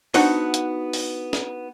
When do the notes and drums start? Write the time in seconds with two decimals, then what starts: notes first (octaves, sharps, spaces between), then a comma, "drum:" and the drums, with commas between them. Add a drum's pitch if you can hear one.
0.14 B3 D4 D#4 F#4 C5, drum: open hi-hat
0.54 drum: hi-hat
0.93 drum: open hi-hat
1.33 drum: snare